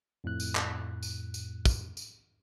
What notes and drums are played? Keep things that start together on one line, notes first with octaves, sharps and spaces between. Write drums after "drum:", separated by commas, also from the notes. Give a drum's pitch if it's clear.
F2 A2 F#6
drum: tambourine
drum: clap
drum: tambourine
drum: tambourine
drum: kick, tambourine
drum: tambourine